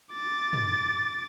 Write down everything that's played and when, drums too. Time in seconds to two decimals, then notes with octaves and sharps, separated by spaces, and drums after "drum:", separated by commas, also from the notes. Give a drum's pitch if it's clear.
0.12 D6 A6
0.53 drum: tom